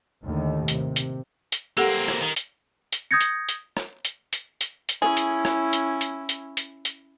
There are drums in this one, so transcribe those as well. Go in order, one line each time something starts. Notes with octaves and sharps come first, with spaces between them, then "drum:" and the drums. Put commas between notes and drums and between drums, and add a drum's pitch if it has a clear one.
D#2 A2 D3 D#3
C3, drum: hi-hat
drum: hi-hat
drum: hi-hat
A#3 C4 G4 A4 F#5
drum: rim click
D#3
drum: hi-hat
drum: hi-hat
D#6 G6 G#6 A#6 C#7
drum: hi-hat
drum: hi-hat
drum: rim click
drum: hi-hat
drum: hi-hat
drum: hi-hat
drum: hi-hat
C#4 E4 G#4
drum: hi-hat
drum: rim click
drum: hi-hat
drum: hi-hat
drum: hi-hat
drum: hi-hat
drum: hi-hat